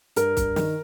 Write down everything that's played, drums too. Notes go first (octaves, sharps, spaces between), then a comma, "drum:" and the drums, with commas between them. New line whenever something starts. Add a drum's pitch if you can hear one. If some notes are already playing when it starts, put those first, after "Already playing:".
G2 A#4, drum: hi-hat
G2, drum: kick, hi-hat
D#3, drum: snare